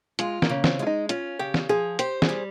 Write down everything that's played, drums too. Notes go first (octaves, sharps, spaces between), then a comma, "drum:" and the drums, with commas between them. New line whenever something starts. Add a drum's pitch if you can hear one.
G#3 F4, drum: hi-hat
A#3, drum: snare
C#3
C4, drum: snare
G#3 F4
D#4
C#4 F4, drum: hi-hat
C#3 G4
drum: snare
F3 G#4
G4 C5, drum: hi-hat
G#4, drum: snare
G3